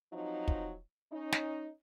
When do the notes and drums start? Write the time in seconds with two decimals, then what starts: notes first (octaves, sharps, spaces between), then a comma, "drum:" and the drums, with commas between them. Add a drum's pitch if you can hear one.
0.13 F3 F#3 C4 D#4
0.48 drum: kick
1.11 C#4 D#4
1.32 drum: snare